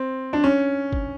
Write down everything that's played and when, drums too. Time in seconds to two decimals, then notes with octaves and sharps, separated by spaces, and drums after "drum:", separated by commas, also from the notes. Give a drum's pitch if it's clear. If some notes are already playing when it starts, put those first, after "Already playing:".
Already playing: C4
0.33 D4
0.44 C#4
0.93 drum: kick